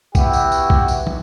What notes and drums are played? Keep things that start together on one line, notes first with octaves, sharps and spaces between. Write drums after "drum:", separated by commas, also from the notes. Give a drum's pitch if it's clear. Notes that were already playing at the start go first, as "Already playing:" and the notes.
B3 E4 F#4 G4, drum: kick, tambourine
drum: tambourine
drum: tambourine
drum: kick
drum: tambourine
drum: tom